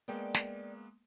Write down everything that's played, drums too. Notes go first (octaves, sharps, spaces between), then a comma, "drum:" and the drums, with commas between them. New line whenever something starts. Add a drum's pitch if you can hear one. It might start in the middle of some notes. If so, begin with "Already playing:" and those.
G#3 A#3 B3 D5 G5
drum: snare